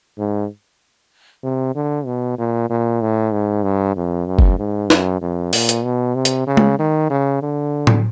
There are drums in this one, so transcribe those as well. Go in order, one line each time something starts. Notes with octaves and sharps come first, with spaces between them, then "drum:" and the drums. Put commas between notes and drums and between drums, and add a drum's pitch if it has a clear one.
G#2
C3
D3
B2
A#2
A#2
A2
G#2
G2
F2
F#2
drum: kick F#1
G#2
F#2, drum: snare
F2
A#2, drum: open hi-hat
drum: hi-hat
B2
C3
drum: hi-hat
C#3
drum: tom G#3
D#3
C#3
D3
drum: tom A2